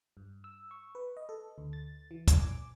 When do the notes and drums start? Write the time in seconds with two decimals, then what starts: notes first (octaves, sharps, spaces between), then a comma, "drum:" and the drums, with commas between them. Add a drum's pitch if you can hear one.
0.17 G2
0.44 E6
0.71 C#6
0.95 B4
1.17 D#5
1.29 A4
1.58 D2
1.73 A6
2.11 E3
2.28 G#5, drum: kick, hi-hat
2.40 D6